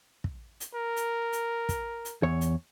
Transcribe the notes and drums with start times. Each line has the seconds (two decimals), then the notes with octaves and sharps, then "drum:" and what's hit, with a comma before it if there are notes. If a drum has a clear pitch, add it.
0.24 drum: kick
0.60 drum: hi-hat
0.74 A#4
0.96 drum: hi-hat
1.33 drum: hi-hat
1.69 drum: kick, hi-hat
2.05 drum: hi-hat
2.23 E2 C#5
2.41 drum: hi-hat